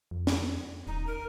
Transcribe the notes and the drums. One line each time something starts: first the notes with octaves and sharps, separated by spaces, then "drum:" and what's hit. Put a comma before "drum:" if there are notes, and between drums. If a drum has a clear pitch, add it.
F2
drum: snare
D#1 D#4
A#4